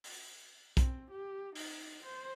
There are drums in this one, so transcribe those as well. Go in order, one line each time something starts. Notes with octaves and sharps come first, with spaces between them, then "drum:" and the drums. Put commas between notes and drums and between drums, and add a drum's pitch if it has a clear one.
drum: open hi-hat
C4, drum: kick, hi-hat
G4
D#4, drum: open hi-hat
C5